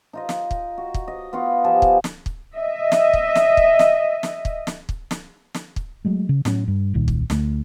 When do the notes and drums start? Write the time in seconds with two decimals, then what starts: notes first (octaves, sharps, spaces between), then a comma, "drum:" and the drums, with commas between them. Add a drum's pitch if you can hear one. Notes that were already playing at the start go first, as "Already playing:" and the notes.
0.13 D#4 F4 D#5
0.29 drum: snare
0.51 drum: kick
0.78 F#4
0.94 drum: kick
1.08 D#5
1.33 B3 F4 C#6
1.64 F3 G4 G#5 A5
1.82 drum: kick
2.04 drum: snare
2.26 drum: kick
2.55 D#5 E5
2.92 drum: snare
3.13 drum: kick
3.35 drum: snare
3.57 drum: kick
3.79 drum: snare
4.23 drum: snare
4.45 drum: kick
4.67 drum: snare
4.89 drum: kick
5.11 drum: snare
5.54 drum: snare
5.76 drum: kick
6.05 F#3 G#3 A3
6.29 C#3
6.45 A2 F#3 B3 C#4, drum: snare
6.68 G2
6.94 D#1 C2 A#2 D#3
7.08 drum: kick
7.30 D2 A3, drum: snare